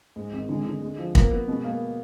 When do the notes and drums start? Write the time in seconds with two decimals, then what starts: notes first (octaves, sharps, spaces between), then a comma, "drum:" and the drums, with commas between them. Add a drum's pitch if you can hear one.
0.16 G#2 G#3
0.33 G#1
0.49 D3 G#3
0.66 D3
0.82 G#3
0.98 F3
1.15 A#3 B3, drum: kick
1.31 B3
1.48 B2 G#3
1.64 A#3